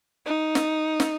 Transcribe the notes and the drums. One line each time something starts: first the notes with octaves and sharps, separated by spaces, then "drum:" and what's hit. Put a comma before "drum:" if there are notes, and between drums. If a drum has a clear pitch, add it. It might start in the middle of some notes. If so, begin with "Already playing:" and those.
D#4
drum: snare
drum: snare